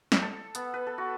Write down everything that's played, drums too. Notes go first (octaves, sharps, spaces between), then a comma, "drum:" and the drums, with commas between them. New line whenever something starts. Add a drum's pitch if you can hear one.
drum: snare
A4
B3, drum: hi-hat
B4
A4
F#4